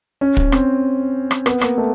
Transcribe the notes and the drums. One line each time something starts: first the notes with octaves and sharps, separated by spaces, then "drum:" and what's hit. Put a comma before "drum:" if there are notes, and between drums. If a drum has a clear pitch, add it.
C#4
drum: kick
C4, drum: rim click
drum: rim click
B3, drum: rim click
A#3, drum: rim click
A3